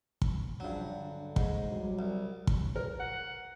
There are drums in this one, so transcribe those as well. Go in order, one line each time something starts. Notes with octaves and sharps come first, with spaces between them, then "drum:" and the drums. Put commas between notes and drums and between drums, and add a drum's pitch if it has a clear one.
drum: kick
G2 C#3 F3 F#3 D4
D3
G#2, drum: kick
F#3 G3
C2
drum: kick
A#4
F#5